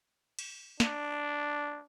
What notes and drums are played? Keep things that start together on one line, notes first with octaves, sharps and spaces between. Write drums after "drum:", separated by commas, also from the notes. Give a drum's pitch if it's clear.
drum: cymbal
D4, drum: snare